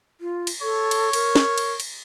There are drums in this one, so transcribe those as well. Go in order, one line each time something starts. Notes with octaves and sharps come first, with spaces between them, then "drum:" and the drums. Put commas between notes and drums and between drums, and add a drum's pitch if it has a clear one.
F4
drum: cymbal
A4 C#5
drum: cymbal
A#4, drum: cymbal
drum: snare
drum: cymbal
drum: cymbal